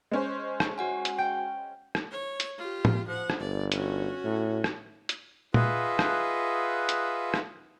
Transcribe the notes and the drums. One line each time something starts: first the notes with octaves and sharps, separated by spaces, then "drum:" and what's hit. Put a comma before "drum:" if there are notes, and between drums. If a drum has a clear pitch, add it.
G#3 C#4 C5
drum: rim click
F#4 F#5 G#5
drum: hi-hat
G5
drum: rim click
C#5
drum: hi-hat
F4 G4
drum: tom
F3 F#5
drum: rim click
G1 D5
C#4 F#4, drum: hi-hat
A2
drum: rim click
drum: hi-hat
F4 G#4 B4 D#5 E5 F#5, drum: tom
drum: rim click
drum: hi-hat
drum: rim click